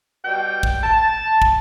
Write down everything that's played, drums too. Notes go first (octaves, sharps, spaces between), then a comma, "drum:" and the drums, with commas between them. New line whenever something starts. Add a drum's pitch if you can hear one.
B2 G3 G5
drum: kick
A5
drum: kick